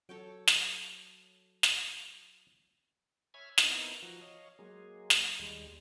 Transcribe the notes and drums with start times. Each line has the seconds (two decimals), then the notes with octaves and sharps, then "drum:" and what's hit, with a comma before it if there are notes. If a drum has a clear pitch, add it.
0.09 F#3 A4 C#5 G5
0.47 drum: snare
1.63 drum: snare
3.34 C#5 E5 G#5 B5 F6 G#6
3.58 B3 C4 D#4 E4 A#4, drum: snare
4.02 F3 F#4
4.21 C#5 D#5 F5
4.59 F#3 G#3 A#3 G#4
5.10 drum: snare
5.39 D#2 G3 G#3